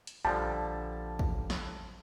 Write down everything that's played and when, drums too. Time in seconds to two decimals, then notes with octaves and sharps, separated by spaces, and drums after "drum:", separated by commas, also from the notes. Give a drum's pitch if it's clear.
0.07 drum: hi-hat
0.25 A#1 D3 F3 G3 A5
1.19 drum: kick
1.50 drum: snare